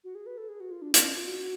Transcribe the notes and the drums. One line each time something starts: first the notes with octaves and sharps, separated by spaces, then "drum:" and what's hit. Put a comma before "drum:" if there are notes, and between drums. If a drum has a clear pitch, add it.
F#4
G#4
B4
A4
G#4
F#4
F4
D4
B3, drum: hi-hat
C#4
F4
F#4